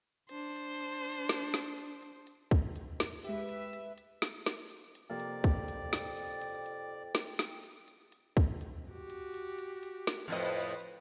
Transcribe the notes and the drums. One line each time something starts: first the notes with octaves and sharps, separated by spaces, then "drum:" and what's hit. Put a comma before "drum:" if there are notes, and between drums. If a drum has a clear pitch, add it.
D4 C5, drum: hi-hat
drum: hi-hat
drum: hi-hat
drum: hi-hat
drum: snare
drum: snare
drum: hi-hat
drum: hi-hat
drum: hi-hat
drum: kick, hi-hat
drum: hi-hat
drum: snare
G#3 G4 B4 E5, drum: hi-hat
drum: hi-hat
drum: hi-hat
drum: hi-hat
drum: snare
drum: snare
drum: hi-hat
drum: hi-hat
F2 C3 F3 A#3 D5 G5
drum: hi-hat
drum: kick, hi-hat
drum: hi-hat
drum: snare
drum: hi-hat
drum: hi-hat
drum: hi-hat
drum: snare
drum: snare
drum: hi-hat
drum: hi-hat
drum: hi-hat
drum: kick, hi-hat
drum: hi-hat
F#4 G4
drum: hi-hat
drum: hi-hat
drum: hi-hat
drum: hi-hat
drum: snare
F2 A2 B4 C5 D#5
drum: hi-hat
drum: hi-hat